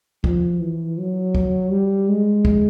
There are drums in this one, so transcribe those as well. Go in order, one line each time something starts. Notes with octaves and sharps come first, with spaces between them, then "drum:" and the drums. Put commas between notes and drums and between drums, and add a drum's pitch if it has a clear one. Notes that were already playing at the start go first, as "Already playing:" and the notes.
F3, drum: kick
E3
F#3
drum: kick
G3
G#3
drum: kick